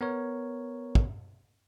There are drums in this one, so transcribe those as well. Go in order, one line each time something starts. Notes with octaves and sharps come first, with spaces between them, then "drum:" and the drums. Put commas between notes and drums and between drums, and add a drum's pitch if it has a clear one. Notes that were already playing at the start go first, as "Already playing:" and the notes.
B3 A#4 C#5
drum: kick